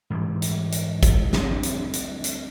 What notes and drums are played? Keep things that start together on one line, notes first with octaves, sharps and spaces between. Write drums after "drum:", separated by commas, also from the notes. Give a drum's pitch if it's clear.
G#2 E3 G3
drum: hi-hat
drum: hi-hat
drum: kick G#1, hi-hat
D2 G3 G#3 C4, drum: snare
drum: hi-hat
drum: hi-hat
drum: hi-hat